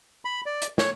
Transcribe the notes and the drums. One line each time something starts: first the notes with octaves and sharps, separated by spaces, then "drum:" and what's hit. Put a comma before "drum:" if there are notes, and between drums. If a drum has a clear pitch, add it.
B5
D5
drum: hi-hat
C#5, drum: snare